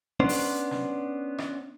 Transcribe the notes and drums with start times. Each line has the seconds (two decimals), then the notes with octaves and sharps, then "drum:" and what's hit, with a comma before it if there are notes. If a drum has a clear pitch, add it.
0.20 B3 C#4 D4 C5
0.29 drum: open hi-hat
0.71 drum: snare
1.38 drum: rim click